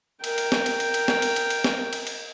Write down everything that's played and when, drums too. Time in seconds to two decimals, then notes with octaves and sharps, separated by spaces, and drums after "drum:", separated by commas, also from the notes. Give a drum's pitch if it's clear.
0.24 A#4 G5, drum: cymbal
0.38 drum: cymbal
0.52 drum: snare
0.66 drum: cymbal
0.80 drum: cymbal
0.94 drum: cymbal
1.08 drum: snare
1.22 drum: cymbal
1.36 drum: cymbal
1.50 drum: cymbal
1.64 drum: snare
1.93 drum: cymbal
2.07 drum: cymbal